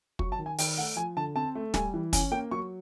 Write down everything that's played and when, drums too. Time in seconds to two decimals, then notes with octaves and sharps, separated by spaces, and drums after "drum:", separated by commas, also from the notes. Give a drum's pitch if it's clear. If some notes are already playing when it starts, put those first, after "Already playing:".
0.19 F#3 C#6, drum: kick
0.32 A5
0.38 D#3
0.46 G#5
0.58 D#3 G5, drum: open hi-hat
0.78 A3 F#5
0.96 F3 G#5
1.17 D3 A5
1.36 C4 A5
1.55 A3
1.74 G3 G#5, drum: snare
1.94 E3
2.13 C#4 G#5, drum: kick, hi-hat
2.31 A#3 G5
2.51 F#3 C#6